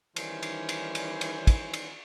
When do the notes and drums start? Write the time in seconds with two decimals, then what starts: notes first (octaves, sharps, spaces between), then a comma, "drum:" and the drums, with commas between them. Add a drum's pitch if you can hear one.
0.16 D#3 E3 G3 C#4 C5 G#5, drum: cymbal
0.43 drum: cymbal
0.69 drum: cymbal
0.95 drum: cymbal
1.21 drum: cymbal
1.47 drum: kick, cymbal
1.74 drum: cymbal